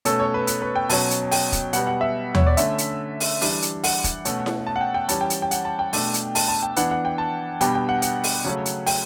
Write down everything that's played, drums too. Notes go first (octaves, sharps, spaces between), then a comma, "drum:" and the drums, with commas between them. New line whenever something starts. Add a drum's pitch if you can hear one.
B2 A3 C#4 A4, drum: hi-hat
C#5
B4
B4, drum: hi-hat
B4
G5
B2 F#3 C#4 A5, drum: open hi-hat
drum: hi-hat
G5, drum: open hi-hat
drum: kick, hi-hat
B2 G3 B3 F#5, drum: hi-hat
F#5
E5
C#5, drum: tom D#2
D5
D3 A3 C#4 E5, drum: hi-hat
drum: hi-hat
drum: open hi-hat
E3 G3 D4, drum: open hi-hat
drum: hi-hat
F#5, drum: open hi-hat
drum: kick, hi-hat
B2 A3 C#4, drum: hi-hat
drum: snare E4
A5
F#5
G5
G5
E3 G3 C#4 A5, drum: hi-hat
G5
drum: hi-hat
G5
F#5, drum: hi-hat
A5
G5
B2 A3 D4, drum: open hi-hat
drum: hi-hat
A5, drum: open hi-hat
A5
G5
E3 B3 D4 F#5, drum: hi-hat
F#5
G5
A5
B2 G3 B3 D4 G5, drum: hi-hat
G5
F#5
F#5, drum: hi-hat
drum: open hi-hat
C#3 F#3 A3 C#4
drum: hi-hat
G5, drum: open hi-hat